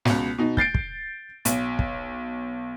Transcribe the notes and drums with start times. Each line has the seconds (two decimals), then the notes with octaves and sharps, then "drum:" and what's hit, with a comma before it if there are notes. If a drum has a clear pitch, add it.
0.05 C#2 B2, drum: snare
0.38 B2 D#4
0.57 G6 A6 C7 D7, drum: kick
0.74 drum: kick
1.45 B1, drum: hi-hat
1.79 drum: kick